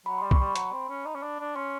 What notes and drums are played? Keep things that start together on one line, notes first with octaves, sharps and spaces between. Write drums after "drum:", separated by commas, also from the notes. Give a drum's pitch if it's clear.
F#3 B5
G3 C6
C#6, drum: kick C2
G3 B5
F#3, drum: hi-hat
C4
C#4
D#4
C#4
D4
D4
C#4 C6